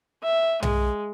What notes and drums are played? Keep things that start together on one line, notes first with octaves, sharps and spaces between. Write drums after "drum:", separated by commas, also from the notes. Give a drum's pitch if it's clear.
E5
G#3, drum: tom B1